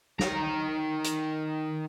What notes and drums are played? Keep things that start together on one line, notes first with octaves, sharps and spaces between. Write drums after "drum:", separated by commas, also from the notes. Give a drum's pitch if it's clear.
D#3 A#5, drum: snare
drum: hi-hat